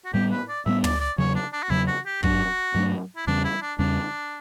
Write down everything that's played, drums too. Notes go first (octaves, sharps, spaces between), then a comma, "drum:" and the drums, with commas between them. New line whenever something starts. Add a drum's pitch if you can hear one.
F#4
A2 G3 B3 G4
B4
D5
A2 G3 B3 E5
D5, drum: tom
D5
E2 C#3 F#3 C#5
D4
D4
F#4
E2 C#3 F#3 E4
F#4
G4
G2 F#3 A3 D4 F#4, drum: kick
G2 F#3 A3 D4
E4
E2 C#3 G3 C#4 D4
E4
D4
E2 C#3 G3 C#4 D4